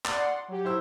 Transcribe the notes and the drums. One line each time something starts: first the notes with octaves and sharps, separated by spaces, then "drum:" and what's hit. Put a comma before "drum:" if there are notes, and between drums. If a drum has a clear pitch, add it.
D5 F#5 C6 D6 A6, drum: clap
F#3 G4
E4 C5 E6